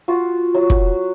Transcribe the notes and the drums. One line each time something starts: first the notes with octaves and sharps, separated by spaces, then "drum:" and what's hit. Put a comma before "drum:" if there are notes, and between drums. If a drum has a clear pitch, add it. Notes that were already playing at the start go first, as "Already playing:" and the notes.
F4 F#4
F#3 F#4
drum: kick